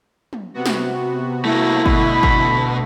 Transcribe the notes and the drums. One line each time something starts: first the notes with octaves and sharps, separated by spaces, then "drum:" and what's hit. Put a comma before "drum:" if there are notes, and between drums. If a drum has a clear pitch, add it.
drum: tom
C3 B3 F#4
drum: snare
A3 A#3 E4
B2 D3 A3 B5, drum: kick G1
drum: kick G1